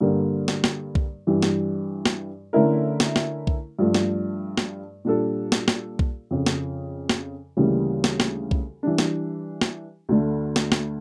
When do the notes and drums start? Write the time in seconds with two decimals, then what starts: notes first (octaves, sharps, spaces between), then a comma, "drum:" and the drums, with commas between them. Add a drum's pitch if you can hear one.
0.01 G2 D3 G3 A#3
0.48 drum: snare
0.64 drum: snare
0.95 drum: kick B1
1.27 G2 E3 G3
1.43 drum: snare
2.06 drum: snare
2.53 D3 A3 C#4 E4 A#4
3.00 drum: snare
3.16 drum: snare
3.47 drum: kick B1
3.79 G2 F3 A3
3.95 drum: snare
4.58 drum: snare
5.05 A#2 G3 D4 F4 A4
5.52 drum: snare
5.68 drum: snare
5.99 drum: kick B1
6.31 F2 C#3 F3
6.46 drum: snare
7.09 drum: snare
7.57 D2 C#3 E3 G3 A#3
8.04 drum: snare
8.20 drum: snare
8.51 drum: kick B1
8.83 E3 G3 D4
8.98 drum: snare
9.61 drum: snare
10.09 D2 D3 A3
10.56 drum: snare
10.72 drum: snare